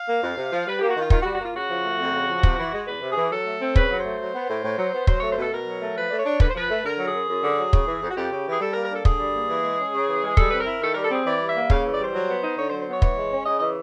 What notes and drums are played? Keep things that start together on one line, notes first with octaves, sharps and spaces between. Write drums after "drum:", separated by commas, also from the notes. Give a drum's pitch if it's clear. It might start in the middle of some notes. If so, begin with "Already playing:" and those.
Already playing: F5
A#3
F2
C3
F3
G3 B4
A#3 G4
F#4
D#3 F4
D#3 F4, drum: kick
F#4
G3
F#4
A#3 F4
C#3 F#4
F3
A3
F2
C#3
F3
C3, drum: kick
E3
G#3
E2 B4
C3
G#4
E3
F#3 A4
A3
C4
C#3 B4, drum: kick
F#3
C5
A3
F#3
B3
A2
A2
F#3
B3
F#3 C5, drum: kick
A3 C#5
C5
B2 A4
B2 A#4
F#3
A3
F3 B4
A3 D5
C#5
D4
D3 B4, drum: kick
C5
F3 B4
A3
D3 A#4
F#3
G#4
F#2
F#2
D3
F#3
C#3, drum: kick
E3
F2
F#4
F2 G4
C#3
E3 G#4
G3 A4
A#4
A#3
A#4
D4 A4
D3 G#4, drum: kick
G3
A#3
E3
G#3
C#4
C#3
E3
G#3
G3 A4, drum: kick
C4 B4
A#4
E4
D#3 A4
G3 A#4
A4
C4 G#4
E3 D5
G3
E5
A#3
C#3 F5, drum: kick
E3
D5
G3 C5
F#3
B3
D#4
D3 C#5
C5
F#3
C5
B3 C#5
E3 C#5, drum: kick
G#3
C#4
C#3 D#5
E3 D#5